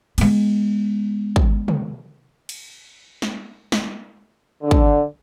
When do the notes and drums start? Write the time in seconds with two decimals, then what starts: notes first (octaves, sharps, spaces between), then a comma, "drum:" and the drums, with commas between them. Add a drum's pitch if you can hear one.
0.18 G#3 B3, drum: cymbal
1.36 drum: kick
1.68 drum: tom
2.49 drum: cymbal
3.22 drum: snare
3.72 drum: snare
4.62 D3
4.71 drum: kick